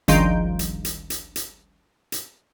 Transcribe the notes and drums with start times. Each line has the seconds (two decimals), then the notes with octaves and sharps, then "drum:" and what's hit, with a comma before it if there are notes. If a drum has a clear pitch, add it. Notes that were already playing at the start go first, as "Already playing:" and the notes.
0.08 G1 C#2 D#3 F3 G6 D7, drum: hi-hat
0.59 drum: hi-hat
0.85 drum: hi-hat
1.10 drum: hi-hat
1.36 drum: hi-hat
2.12 drum: hi-hat